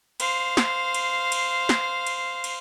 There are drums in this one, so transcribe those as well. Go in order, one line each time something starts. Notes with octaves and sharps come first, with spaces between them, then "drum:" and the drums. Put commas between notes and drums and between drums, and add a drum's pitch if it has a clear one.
C5 F5, drum: cymbal
drum: snare
drum: cymbal
drum: cymbal
drum: snare
drum: cymbal
drum: cymbal